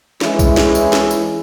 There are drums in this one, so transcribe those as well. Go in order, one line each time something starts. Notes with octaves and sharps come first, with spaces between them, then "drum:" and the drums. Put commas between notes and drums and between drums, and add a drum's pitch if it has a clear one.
E3 G#3 C#4 E4, drum: snare
drum: kick B1, tambourine
drum: snare
drum: tambourine
drum: snare
drum: tambourine